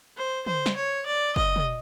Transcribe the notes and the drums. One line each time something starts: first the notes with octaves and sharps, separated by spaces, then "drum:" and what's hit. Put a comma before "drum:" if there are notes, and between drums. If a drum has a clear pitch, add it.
C5
C5, drum: tom
drum: snare
C#5
D5
D#5, drum: kick
drum: tom